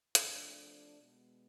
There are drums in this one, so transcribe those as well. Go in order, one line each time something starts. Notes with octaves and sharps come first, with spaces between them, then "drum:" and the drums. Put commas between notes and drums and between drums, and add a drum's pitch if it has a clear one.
C3 F3 A3 D4, drum: hi-hat
B2 G#3 B3